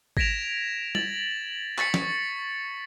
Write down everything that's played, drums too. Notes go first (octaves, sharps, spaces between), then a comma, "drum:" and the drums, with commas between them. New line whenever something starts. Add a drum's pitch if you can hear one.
G#6 A#6 B6 D7 E7 F7, drum: kick G#1
A6 F#7, drum: tom G3
C#6 A6 B6 C#7, drum: clap
drum: snare